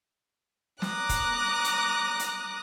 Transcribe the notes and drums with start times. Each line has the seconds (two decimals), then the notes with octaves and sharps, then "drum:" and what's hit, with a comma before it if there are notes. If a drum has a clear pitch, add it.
0.82 A#5 D6 D#6 F#6, drum: snare
1.09 drum: kick E1, hi-hat
1.64 drum: hi-hat
2.19 drum: hi-hat